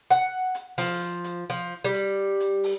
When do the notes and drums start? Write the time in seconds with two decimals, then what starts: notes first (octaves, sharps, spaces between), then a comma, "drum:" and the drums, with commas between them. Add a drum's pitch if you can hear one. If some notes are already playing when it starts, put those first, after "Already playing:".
0.11 F#5, drum: hi-hat
0.55 drum: hi-hat
0.78 F3, drum: open hi-hat
1.01 drum: hi-hat
1.24 drum: hi-hat
1.50 F3
1.85 G3
1.94 drum: hi-hat
2.40 drum: hi-hat
2.63 drum: open hi-hat